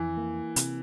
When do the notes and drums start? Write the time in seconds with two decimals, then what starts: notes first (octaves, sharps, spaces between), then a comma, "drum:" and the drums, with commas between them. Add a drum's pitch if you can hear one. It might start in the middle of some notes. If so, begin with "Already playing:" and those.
Already playing: F2 E3
0.17 A#3
0.56 C3, drum: hi-hat